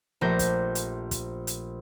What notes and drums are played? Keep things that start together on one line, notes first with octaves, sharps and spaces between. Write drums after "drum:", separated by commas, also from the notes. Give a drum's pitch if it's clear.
A#1 A3 G4 C5 G6 A#6
drum: kick, hi-hat
drum: hi-hat
drum: kick, hi-hat
drum: hi-hat